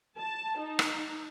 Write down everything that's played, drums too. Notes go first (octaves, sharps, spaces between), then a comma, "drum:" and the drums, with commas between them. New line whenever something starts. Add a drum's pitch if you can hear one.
A5
D#4
drum: rim click